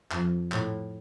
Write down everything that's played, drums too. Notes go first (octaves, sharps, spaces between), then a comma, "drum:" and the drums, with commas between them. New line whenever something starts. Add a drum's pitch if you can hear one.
F2, drum: clap
A2, drum: clap